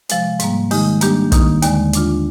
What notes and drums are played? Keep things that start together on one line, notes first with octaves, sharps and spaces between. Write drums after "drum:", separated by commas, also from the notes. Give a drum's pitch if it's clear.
C3 F3 G#3, drum: hi-hat
G#2 G3 A#3, drum: hi-hat
D#3 G#3 D#4 G4, drum: open hi-hat
G3 A#3 D4 G4, drum: hi-hat
D#3 A#3 D#4, drum: kick, hi-hat
D#2 D3 G#3, drum: hi-hat
F3 G#3 D4 F4, drum: hi-hat